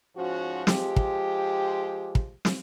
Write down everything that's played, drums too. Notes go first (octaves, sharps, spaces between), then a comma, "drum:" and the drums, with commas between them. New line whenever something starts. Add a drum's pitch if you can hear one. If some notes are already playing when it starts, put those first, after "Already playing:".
G#2 F3 C#4 F#4
F3 G#3 G4, drum: snare
drum: kick
drum: kick
drum: snare